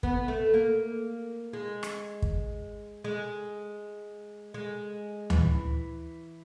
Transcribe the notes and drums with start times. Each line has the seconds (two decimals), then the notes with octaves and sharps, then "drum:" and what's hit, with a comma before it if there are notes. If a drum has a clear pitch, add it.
0.03 B3, drum: kick
0.28 A3
0.54 A#3
1.53 G#3
1.83 drum: rim click
2.22 drum: kick
3.04 G#3
4.54 G#3
5.30 E3, drum: tom D2